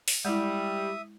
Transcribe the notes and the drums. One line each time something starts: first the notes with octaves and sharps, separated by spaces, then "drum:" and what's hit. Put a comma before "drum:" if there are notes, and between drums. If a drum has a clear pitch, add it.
drum: open hi-hat
G3 G#3 E4 E5 D#6